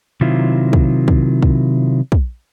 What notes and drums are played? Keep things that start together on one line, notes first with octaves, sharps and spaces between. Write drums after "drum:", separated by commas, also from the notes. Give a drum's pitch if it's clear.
C3 D#3 F#3 E4 F4
drum: kick
drum: kick
drum: kick
drum: kick